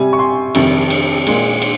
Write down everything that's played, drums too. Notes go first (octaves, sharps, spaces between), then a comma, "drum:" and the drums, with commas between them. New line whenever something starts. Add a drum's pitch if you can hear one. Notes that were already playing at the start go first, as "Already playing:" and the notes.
Already playing: C3 G3 G#5
C#6
C6
F2 C3 D#3 G3, drum: cymbal
drum: cymbal
A#2 G#3, drum: cymbal
drum: cymbal